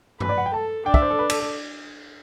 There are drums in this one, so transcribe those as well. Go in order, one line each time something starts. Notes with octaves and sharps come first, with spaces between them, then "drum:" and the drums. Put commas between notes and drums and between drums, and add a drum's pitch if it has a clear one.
B4, drum: tom G2
D5
F#5
G5
A4 A5
D4 G5
E5, drum: kick
C5
A4
B4
A4, drum: cymbal
A4